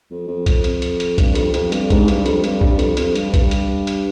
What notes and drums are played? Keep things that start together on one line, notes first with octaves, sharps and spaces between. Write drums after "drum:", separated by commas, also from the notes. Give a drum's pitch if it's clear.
F2
F2
F2, drum: kick A#1, hi-hat
drum: hi-hat
drum: hi-hat
drum: hi-hat
G2, drum: kick A#1, hi-hat
F2, drum: hi-hat
F2, drum: hi-hat
G2, drum: hi-hat
G#2, drum: kick A#1, hi-hat
G2, drum: hi-hat
F2, drum: hi-hat
G2, drum: hi-hat
G2, drum: kick A#1
F2, drum: hi-hat
F2, drum: hi-hat
G2, drum: hi-hat
G2, drum: kick A#1, hi-hat
drum: hi-hat
drum: hi-hat